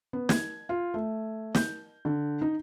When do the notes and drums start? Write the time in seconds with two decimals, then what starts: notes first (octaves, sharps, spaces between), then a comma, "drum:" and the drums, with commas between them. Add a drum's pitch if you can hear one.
0.13 B3
0.29 G#6, drum: snare
0.69 F4
0.94 A3
1.55 G6, drum: snare
2.05 D3
2.42 D#4